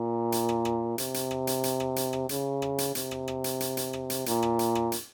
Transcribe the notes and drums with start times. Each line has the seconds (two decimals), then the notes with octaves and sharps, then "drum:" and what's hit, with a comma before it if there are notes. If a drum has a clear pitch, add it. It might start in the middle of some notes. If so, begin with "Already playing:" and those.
Already playing: A#2
0.32 drum: hi-hat
0.49 drum: rim click
0.65 drum: rim click
0.98 C3, drum: hi-hat
1.14 drum: hi-hat
1.31 drum: rim click
1.47 drum: hi-hat
1.64 drum: hi-hat
1.80 drum: rim click
1.96 drum: hi-hat
2.13 drum: rim click
2.29 C#3, drum: hi-hat
2.62 drum: rim click
2.78 drum: hi-hat
2.95 C3, drum: hi-hat
3.11 drum: rim click
3.28 drum: rim click
3.44 drum: hi-hat
3.60 drum: hi-hat
3.77 drum: hi-hat
3.93 drum: rim click
4.10 drum: hi-hat
4.26 A#2, drum: hi-hat
4.43 drum: rim click
4.59 drum: hi-hat
4.75 drum: rim click
4.92 drum: hi-hat